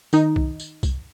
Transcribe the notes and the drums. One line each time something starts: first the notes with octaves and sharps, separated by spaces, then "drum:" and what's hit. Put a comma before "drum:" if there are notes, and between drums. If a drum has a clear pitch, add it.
D#3 D#4, drum: tambourine
drum: kick C2
drum: tambourine
drum: kick C2, tambourine